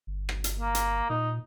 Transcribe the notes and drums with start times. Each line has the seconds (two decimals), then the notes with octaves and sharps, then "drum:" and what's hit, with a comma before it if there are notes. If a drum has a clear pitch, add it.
0.07 G1
0.29 drum: rim click
0.44 drum: hi-hat
0.59 A#3
0.75 drum: hi-hat
1.10 A#2 D#4